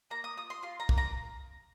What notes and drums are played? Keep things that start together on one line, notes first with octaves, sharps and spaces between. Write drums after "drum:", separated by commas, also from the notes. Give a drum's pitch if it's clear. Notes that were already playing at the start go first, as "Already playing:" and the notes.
A#3 A#5
D#6
F4 D#6
C6
F4 C6
A#5
A#3, drum: kick
A#5